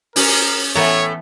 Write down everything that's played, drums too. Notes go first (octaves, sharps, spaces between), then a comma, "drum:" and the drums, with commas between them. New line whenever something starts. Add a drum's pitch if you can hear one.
C#4 A#4, drum: open hi-hat
A2 E3 A3 B3 C#5 A#5